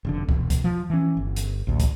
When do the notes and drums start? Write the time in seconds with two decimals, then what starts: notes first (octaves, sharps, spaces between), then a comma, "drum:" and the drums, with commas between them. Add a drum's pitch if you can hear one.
0.05 F1 F2 D3
0.29 E1, drum: kick
0.50 drum: kick, hi-hat
0.64 F3
0.90 E3 C#4
1.17 G1
1.36 drum: hi-hat
1.67 A1 D2
1.80 drum: kick, hi-hat